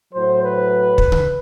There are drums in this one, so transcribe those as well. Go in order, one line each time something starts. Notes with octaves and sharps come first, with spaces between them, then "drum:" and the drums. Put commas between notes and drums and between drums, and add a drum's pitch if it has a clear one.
A2 F#3 C5
B4
drum: kick
drum: tom C#3